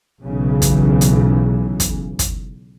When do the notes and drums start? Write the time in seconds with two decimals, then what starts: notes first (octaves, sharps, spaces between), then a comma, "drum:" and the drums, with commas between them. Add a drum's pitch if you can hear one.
0.22 B1 C#3 E3
0.62 drum: kick, hi-hat
1.01 drum: hi-hat
1.80 drum: kick, hi-hat
2.19 drum: kick, hi-hat